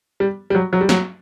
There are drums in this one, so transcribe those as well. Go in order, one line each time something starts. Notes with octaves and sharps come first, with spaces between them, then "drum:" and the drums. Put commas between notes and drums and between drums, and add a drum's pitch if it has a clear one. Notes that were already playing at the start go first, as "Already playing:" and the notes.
G3
G3
F#3
F#3
G3
F#3, drum: snare